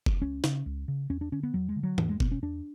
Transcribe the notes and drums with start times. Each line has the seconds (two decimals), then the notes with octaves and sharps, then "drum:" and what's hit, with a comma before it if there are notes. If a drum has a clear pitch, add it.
0.06 drum: kick F1
0.21 C#2 C#4
0.44 C#3, drum: snare
0.66 C#2
0.88 C#3
1.10 E2 C#4
1.21 D4
1.32 D3 C#4
1.43 B3
1.54 E2 F#3
1.69 G#3
1.76 D3
1.83 F#3
1.98 E2 E3, drum: tom G#2
2.09 G#3
2.20 B2 B3, drum: kick F1
2.32 C#4
2.42 E2 D4